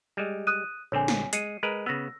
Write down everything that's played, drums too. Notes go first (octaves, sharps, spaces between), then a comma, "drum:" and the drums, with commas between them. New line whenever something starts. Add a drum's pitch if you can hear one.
G3 G#3
D#6 F#6 D#7
A#1 D3 C4 C#5 G#5
drum: snare
G#3 C7 C#7 D#7, drum: hi-hat
G#3 A#4 B4
C#3 B3 E6 A#6